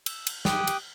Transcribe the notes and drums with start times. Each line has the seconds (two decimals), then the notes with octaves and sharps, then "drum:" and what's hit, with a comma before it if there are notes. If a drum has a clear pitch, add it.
0.06 E6, drum: cymbal
0.27 drum: cymbal
0.45 G4 G5 D#6 F#6, drum: snare
0.67 drum: cymbal